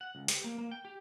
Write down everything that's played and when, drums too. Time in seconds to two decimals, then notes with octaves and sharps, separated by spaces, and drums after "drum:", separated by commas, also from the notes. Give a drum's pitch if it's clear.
0.01 F#5
0.15 C#2
0.28 G4, drum: hi-hat
0.44 A#3
0.58 A#3
0.71 G5
0.85 G4